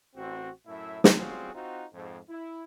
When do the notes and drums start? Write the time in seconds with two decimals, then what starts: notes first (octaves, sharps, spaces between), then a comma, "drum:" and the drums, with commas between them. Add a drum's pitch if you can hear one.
0.16 A1 C4 F#4
0.67 F#2 A2 E4 E5
1.04 drum: snare
1.15 G3 C4 C#4 F4 F#4 G#4
1.54 C4 D#4 F4 F#4
1.94 F2 G#2
2.30 E4